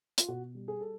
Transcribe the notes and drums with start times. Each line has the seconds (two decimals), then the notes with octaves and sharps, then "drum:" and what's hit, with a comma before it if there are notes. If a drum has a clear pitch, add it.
0.18 F4, drum: hi-hat
0.28 B2 F#4
0.55 G3
0.68 G#4
0.81 A4